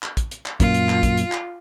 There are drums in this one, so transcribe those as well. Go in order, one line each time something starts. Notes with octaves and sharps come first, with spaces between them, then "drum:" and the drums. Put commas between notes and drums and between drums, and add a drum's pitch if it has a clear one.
drum: clap
drum: kick, hi-hat
drum: hi-hat
drum: clap
F#2 A#2 F4, drum: kick, hi-hat
drum: hi-hat
drum: clap
drum: kick, hi-hat
drum: hi-hat
drum: clap